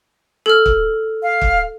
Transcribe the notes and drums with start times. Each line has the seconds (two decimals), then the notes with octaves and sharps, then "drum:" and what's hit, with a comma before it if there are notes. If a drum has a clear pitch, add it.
0.46 A4 F6
0.66 drum: kick
1.22 F5
1.41 drum: kick